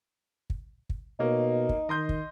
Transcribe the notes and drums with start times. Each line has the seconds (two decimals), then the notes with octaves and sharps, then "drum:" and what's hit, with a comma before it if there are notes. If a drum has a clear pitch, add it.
0.50 drum: kick
0.90 drum: kick
1.19 B2 A#3 D#4 C#5
1.69 drum: kick
1.89 D#3 D#5 C6 G6
2.09 drum: kick